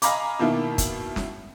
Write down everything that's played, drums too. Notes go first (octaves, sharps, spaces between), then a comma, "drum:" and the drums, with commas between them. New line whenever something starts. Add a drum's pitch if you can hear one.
D#5 F5 G#5 A#5 B5 D6, drum: hi-hat
B2 D#3 A#3 E4
drum: kick, hi-hat
drum: snare